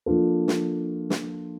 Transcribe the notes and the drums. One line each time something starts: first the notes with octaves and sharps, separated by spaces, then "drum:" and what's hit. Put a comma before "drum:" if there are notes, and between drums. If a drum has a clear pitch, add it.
F3 A#3 D4 F4 A4
drum: snare
drum: snare